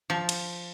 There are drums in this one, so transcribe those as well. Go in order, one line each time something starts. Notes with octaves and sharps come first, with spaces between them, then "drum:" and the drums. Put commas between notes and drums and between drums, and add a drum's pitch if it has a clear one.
F3
drum: cymbal